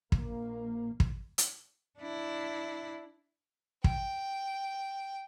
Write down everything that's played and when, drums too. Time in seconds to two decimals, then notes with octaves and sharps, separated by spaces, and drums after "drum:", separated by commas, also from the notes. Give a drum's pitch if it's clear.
0.12 A#1 A#3, drum: kick
1.00 drum: kick
1.38 drum: hi-hat
1.98 D4 E4
3.84 G5, drum: kick